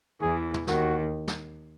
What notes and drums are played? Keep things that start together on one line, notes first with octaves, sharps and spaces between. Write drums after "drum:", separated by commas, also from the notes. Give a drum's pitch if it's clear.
E2 E3 G#4
drum: tom
D#2 D#3 F#4, drum: snare
drum: snare